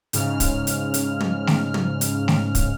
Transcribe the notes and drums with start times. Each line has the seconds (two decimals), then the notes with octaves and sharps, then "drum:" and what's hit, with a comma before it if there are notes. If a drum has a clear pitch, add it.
0.13 G#2 C#3 F6, drum: hi-hat
0.40 drum: kick, hi-hat
0.67 drum: hi-hat
0.94 drum: hi-hat
1.21 drum: tom
1.47 drum: snare A3
1.74 drum: tom
2.01 drum: hi-hat
2.28 drum: snare A3
2.55 drum: kick, hi-hat